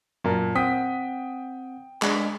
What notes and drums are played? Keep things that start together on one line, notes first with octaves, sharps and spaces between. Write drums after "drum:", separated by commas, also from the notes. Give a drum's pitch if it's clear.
F#2 A#2 A#4 A5
C4 F#5 G5 D#6 B6
G#3 D4 D#5, drum: clap